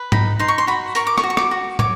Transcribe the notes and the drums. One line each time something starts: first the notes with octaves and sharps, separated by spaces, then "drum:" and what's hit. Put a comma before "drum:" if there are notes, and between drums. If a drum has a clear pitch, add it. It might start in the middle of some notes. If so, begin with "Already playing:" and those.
Already playing: B4
D#4 B5, drum: tom G#2
D#4 C6
C#6
C6
F#4 B5
A#4 C#6, drum: hi-hat
D6
C#6, drum: rim click
F#4
C#6
D6, drum: rim click
F#4
C#5 D6, drum: tom